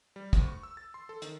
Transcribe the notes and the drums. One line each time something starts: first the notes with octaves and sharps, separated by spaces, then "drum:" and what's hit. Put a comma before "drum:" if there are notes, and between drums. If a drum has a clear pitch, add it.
G3
D2, drum: kick, hi-hat
C#6
E6
A6
C6
A4
D#3, drum: hi-hat